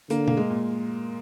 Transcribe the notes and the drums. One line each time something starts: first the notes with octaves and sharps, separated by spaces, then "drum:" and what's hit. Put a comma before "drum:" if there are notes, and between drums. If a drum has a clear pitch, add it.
D3 A#3, drum: hi-hat
A#3, drum: tom B2
G#3
A#2